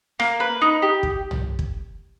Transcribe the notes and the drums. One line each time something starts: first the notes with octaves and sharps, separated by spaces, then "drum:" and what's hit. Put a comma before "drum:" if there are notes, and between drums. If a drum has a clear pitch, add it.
A#3, drum: rim click
B4
D#4
G4
drum: kick
drum: tom
drum: kick